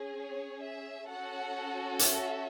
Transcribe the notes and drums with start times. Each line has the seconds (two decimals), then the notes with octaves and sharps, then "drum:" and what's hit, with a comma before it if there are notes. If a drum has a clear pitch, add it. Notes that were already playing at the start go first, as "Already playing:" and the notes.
Already playing: C#4 G#4
0.19 C#5
0.63 E5
1.09 C#4 F#4 A4 F#5
1.99 E5, drum: hi-hat